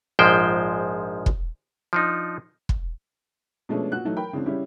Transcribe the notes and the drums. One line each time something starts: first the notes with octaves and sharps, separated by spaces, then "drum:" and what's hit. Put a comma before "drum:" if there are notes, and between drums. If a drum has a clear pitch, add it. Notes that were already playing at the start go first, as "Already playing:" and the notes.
A#1 G#2 F3 G#3 C5 G5
drum: kick
F3 D4 D#4
drum: kick
B2 F3 G#3 A3 C#4 D4
A#2 F#4 F#6
E3 F#3 A3 D#4
A#4 G5 B5
C#3 E3 G#3 C4 D4
C#3 G3 C#4 E4 G4